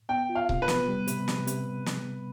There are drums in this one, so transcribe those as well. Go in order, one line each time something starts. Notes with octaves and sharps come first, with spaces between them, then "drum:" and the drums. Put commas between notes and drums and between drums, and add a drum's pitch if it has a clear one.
B3 G5
F4
F5
C3, drum: kick C#1
B4
B3, drum: snare
G3
C3, drum: hi-hat
C3, drum: snare
C3, drum: hi-hat
drum: snare